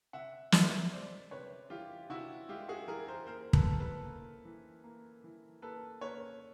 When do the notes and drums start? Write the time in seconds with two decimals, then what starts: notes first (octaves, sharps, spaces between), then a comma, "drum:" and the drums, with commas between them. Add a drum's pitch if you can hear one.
0.13 C3 E5 F#5
0.52 G#3 D5 E5, drum: snare
0.91 G#3 C5 D5
1.31 C3 B4 C#5
1.70 E3 F4 G4
2.10 C3 E4 F#4
2.49 G#3 F4 G4
2.68 F#4 G#4
2.87 E3 G#4 A#4
3.08 A#4 C5
3.27 A#3 A#4 C5
3.53 A4 B4, drum: kick
3.66 A#3
3.80 A4 B4
4.05 A#3
4.45 E3
4.84 A#3
5.24 E3
5.62 A#3 A4 B4
6.01 A#3 B4 C#5